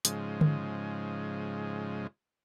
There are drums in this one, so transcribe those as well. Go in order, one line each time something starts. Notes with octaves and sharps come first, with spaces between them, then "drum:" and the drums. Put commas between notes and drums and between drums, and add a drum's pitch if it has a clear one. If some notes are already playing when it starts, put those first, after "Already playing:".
G#2 C#3 F3 G#3, drum: hi-hat
drum: tom D3